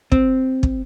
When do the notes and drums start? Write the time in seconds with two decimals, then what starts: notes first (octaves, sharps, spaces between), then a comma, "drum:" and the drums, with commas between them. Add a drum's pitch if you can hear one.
0.12 C4, drum: kick
0.63 drum: kick